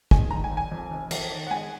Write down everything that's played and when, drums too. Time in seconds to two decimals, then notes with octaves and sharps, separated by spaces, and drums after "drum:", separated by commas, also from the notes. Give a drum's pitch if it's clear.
0.11 G#3 G#5, drum: kick
0.31 D#3 A#5
0.44 G#5
0.51 D#2
0.57 G#5
0.72 F2
0.91 F1
1.11 F2, drum: cymbal
1.31 D#3
1.47 F#5
1.51 G#3 G#5